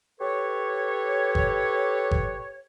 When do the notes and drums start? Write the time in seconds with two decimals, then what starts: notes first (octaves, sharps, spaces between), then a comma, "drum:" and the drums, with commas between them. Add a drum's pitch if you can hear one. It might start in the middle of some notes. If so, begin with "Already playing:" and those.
0.20 G4 A4 B4 C#5
1.35 drum: kick G1
2.11 drum: kick G1